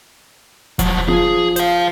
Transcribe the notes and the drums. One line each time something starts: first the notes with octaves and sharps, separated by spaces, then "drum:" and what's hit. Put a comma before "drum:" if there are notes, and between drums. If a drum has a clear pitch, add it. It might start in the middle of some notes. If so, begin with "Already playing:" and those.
F3 F#3, drum: kick E1, hi-hat
F3 G#4
C5 F5, drum: hi-hat